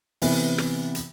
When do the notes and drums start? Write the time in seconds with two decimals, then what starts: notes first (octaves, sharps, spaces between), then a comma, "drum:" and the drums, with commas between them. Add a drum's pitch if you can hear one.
0.22 C3 E3 B3, drum: open hi-hat
0.58 drum: rim click
0.95 drum: hi-hat